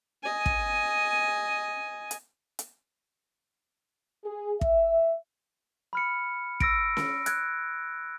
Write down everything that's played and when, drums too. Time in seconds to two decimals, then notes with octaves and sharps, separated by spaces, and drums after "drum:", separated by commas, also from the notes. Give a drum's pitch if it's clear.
0.23 D#5 G#5
0.46 drum: kick
2.11 drum: hi-hat
2.59 drum: hi-hat
4.25 G#4
4.61 E5, drum: kick
5.93 B5 F6 C#7
6.60 E6 A#6 D7, drum: kick
6.97 drum: snare C#4
7.26 F#6 G#6, drum: hi-hat